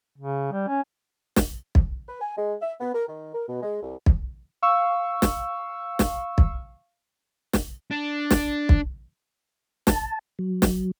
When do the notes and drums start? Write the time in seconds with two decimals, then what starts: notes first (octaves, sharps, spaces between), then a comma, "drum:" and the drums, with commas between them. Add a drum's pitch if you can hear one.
0.18 C#3
0.52 G3
0.67 C#4
1.36 drum: snare
1.75 drum: kick
2.09 B4
2.21 G#5
2.37 G#3
2.62 E5
2.81 B3
2.95 A#4
3.08 D#3
3.34 A#4
3.49 B2
3.63 G#3
3.82 C2
4.06 drum: kick
4.62 F5 C#6 E6
5.22 drum: snare
5.99 drum: snare
6.38 drum: kick
7.53 drum: snare
7.91 D4
8.31 drum: snare
8.69 drum: kick
9.87 A5, drum: snare
10.39 F#3
10.62 drum: snare